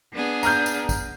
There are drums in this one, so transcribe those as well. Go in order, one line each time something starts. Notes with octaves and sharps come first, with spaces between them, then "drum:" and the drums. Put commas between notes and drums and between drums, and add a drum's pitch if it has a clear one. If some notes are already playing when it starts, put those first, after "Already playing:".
B3 D4 G#4
A#5 F6 G6, drum: tambourine
drum: tambourine
drum: kick, tambourine